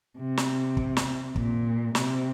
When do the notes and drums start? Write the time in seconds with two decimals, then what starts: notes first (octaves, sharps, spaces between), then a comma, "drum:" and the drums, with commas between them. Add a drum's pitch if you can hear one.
0.18 C3
0.37 drum: snare
0.77 drum: kick
0.97 drum: snare
1.36 A#2, drum: kick
1.95 C3, drum: snare